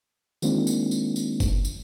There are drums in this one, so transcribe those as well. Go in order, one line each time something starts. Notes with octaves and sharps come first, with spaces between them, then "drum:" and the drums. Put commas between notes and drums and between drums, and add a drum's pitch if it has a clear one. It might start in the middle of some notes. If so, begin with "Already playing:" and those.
D#3 G#3 A#3 C4 D4 F4, drum: tambourine
drum: tambourine
drum: tambourine
drum: tambourine
drum: kick F#1, tambourine
drum: tambourine